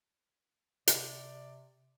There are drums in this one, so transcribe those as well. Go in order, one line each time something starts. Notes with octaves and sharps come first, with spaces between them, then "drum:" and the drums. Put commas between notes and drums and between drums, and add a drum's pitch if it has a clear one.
C3 D5, drum: hi-hat